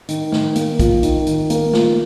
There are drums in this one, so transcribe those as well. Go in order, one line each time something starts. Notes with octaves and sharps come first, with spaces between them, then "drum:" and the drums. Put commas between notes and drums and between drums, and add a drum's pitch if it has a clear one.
D#3, drum: hi-hat
D#3, drum: snare
A#3, drum: hi-hat
F4, drum: kick, hi-hat
D#3, drum: hi-hat
D#3, drum: hi-hat
A#3, drum: hi-hat
F4, drum: snare